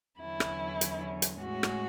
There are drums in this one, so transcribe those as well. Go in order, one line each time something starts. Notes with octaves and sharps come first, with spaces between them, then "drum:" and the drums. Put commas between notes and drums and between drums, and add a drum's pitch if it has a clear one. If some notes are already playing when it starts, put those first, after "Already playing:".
E2 D3 F#3 C#4 E4
drum: rim click
drum: hi-hat
drum: hi-hat
A2 G#3 C#4 F#4
drum: rim click